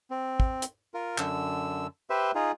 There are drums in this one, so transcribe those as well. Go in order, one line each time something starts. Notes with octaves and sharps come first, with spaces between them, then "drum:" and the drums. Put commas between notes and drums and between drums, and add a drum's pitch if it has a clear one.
C4
drum: kick
drum: hi-hat
F4 A#4
F#2 D3 E6, drum: clap
G4 B4 C5 E5
D#4 F4 G#4